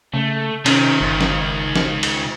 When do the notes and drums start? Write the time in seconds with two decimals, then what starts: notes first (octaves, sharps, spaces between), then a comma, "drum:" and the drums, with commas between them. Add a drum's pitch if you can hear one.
0.14 C#3 A3
0.66 C3 D#3 C#4, drum: cymbal
1.01 G1 C#2
1.21 drum: snare
1.76 drum: snare
2.03 drum: cymbal